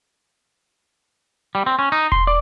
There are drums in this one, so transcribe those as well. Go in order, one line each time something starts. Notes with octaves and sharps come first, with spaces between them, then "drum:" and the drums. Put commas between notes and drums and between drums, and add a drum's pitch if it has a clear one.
G3
C4
C#4
D#4
C6, drum: kick E1
D5